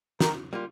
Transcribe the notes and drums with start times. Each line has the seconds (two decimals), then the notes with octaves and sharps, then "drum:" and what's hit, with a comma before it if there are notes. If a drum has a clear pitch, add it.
0.20 D#3 A#4, drum: snare
0.53 G3 A#3 F4